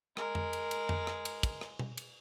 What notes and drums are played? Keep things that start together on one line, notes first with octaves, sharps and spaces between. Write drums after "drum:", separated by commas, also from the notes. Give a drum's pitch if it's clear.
G#3 A#4, drum: rim click
drum: tom F2
drum: cymbal
drum: cymbal
drum: tom F2
drum: rim click
drum: cymbal
drum: kick, cymbal
drum: rim click
drum: tom B2
drum: cymbal